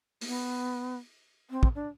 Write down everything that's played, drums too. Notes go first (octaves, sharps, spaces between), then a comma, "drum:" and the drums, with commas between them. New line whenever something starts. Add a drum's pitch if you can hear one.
A#3, drum: open hi-hat
B3
C4
drum: kick
D4